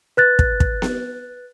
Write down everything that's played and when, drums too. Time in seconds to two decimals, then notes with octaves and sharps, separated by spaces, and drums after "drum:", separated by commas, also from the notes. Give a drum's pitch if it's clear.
0.17 B4 F#6 A6
0.39 drum: kick
0.60 drum: kick
0.82 drum: snare B3